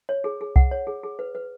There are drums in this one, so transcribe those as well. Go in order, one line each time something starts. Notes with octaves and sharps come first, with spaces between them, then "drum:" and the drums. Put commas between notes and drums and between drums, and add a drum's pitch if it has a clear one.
C#5
G#4
G#4
F#5, drum: kick C2
C#5
G#4
G#4
B4
B4